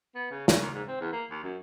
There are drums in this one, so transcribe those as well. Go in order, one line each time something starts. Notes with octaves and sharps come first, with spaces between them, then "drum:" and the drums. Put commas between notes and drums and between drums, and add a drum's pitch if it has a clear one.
B3
C#3
C#3, drum: snare
D#2
G#2
C4
E2
A#3
D#2
F#2